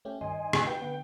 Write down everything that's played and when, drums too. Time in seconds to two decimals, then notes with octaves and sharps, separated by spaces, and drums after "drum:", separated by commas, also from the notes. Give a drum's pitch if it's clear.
0.05 A3 C#4 G4
0.21 G2 D#3 D#5 G#5 C6
0.53 D#4 F#5, drum: rim click
0.67 B4 G5
0.82 D3 B3 F#5